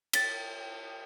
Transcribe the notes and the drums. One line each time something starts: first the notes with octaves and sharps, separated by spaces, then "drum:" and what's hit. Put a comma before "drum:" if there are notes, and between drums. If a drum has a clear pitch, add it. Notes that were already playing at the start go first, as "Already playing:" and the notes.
A6 B6, drum: cymbal